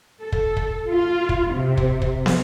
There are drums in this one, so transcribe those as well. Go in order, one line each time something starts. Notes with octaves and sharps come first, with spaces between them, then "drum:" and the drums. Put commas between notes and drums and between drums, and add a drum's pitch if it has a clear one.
A4
drum: kick
drum: kick
F4
drum: kick
C3
drum: kick
drum: kick
drum: snare